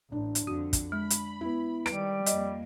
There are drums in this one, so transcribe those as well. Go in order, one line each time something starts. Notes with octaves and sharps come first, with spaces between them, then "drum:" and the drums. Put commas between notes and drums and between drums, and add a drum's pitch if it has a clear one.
A1 D4
drum: hi-hat
F2 D3 F#4
drum: kick, hi-hat
G#3 B5
drum: hi-hat
B3 E4
D#3 G3 B4 D7, drum: rim click
F2 A#3 D#5, drum: hi-hat